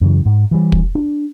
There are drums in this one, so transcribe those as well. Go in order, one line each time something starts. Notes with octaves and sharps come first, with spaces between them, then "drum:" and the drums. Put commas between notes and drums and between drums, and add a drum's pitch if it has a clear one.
F#2 C#3 E3
G#2
E3 G3
drum: kick
D4